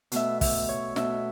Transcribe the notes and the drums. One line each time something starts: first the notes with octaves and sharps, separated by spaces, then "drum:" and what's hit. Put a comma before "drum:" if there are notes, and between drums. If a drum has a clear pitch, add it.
B2 A3 E5, drum: hi-hat
E5, drum: kick, open hi-hat
C#5
B2 A3 E5, drum: snare